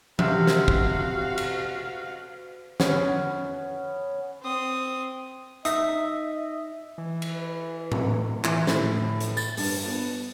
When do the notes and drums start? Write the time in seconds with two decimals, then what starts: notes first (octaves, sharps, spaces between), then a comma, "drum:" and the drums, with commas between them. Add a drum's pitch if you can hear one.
0.19 C3 F#4 F5, drum: tom E3
0.47 drum: snare
0.68 drum: kick
1.38 drum: cymbal
2.80 B3 C#4, drum: snare
4.43 C4 D#6
5.65 D#4 D#5 E5 D#6, drum: hi-hat
6.98 E3
7.22 drum: cymbal
7.92 drum: tom A2
8.44 E3, drum: clap
8.67 A2, drum: snare
9.20 drum: hi-hat
9.37 A6, drum: tambourine
9.57 G2, drum: open hi-hat
9.86 B3